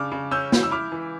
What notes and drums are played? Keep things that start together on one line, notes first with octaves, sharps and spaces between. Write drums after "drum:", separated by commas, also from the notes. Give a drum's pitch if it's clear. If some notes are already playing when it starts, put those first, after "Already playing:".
Already playing: C#3 D4 D6 F6
C#3
C#4 E6 G6
E4, drum: snare
E6
E4 D6 F6
E3